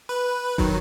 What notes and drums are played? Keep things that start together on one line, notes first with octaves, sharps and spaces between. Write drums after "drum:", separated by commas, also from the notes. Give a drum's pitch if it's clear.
B4
D#3 F#3, drum: kick